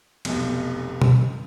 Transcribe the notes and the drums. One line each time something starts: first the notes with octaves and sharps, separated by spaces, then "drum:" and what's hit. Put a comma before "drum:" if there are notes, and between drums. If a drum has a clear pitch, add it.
F1 B1, drum: cymbal
drum: tom B2